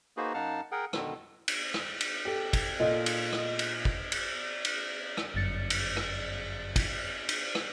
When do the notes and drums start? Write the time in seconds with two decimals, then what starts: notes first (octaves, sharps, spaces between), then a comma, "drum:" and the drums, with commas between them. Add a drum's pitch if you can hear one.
0.17 A#3 D#4 F#4 G#4 B4 C5
0.34 F#2 D#4 F5 F#5 A5 F6
0.72 G#4 A#4 F#5 G5
0.93 B2 D3 D#3, drum: rim click
1.48 drum: cymbal
1.74 drum: rim click
2.00 drum: cymbal
2.25 G4 A4
2.53 drum: kick, cymbal
2.80 A#2 F4 A4 D#5
3.06 drum: cymbal
3.33 drum: rim click
3.59 drum: cymbal
3.85 drum: kick
4.12 drum: cymbal
4.65 drum: cymbal
5.17 drum: rim click
5.34 G1 F#2 A6 C#7
5.70 drum: cymbal
5.97 drum: rim click
6.76 drum: kick, cymbal
7.29 drum: cymbal
7.55 drum: rim click